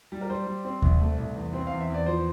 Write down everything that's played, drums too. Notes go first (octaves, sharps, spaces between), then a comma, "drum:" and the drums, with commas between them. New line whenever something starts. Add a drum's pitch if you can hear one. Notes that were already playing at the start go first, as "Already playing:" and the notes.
G3
A#4
G3 C5
G3
C4
C2, drum: kick D#2
A3
C2
E2
C4
E2 F5
E5
E2 D5
F3 C5